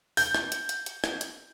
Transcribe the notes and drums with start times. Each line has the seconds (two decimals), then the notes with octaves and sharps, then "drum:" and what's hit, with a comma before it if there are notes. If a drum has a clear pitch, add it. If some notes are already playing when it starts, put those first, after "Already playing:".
0.17 G6, drum: open hi-hat
0.35 drum: rim click
0.52 drum: hi-hat
0.69 drum: hi-hat
0.86 drum: hi-hat
1.04 drum: rim click
1.21 drum: hi-hat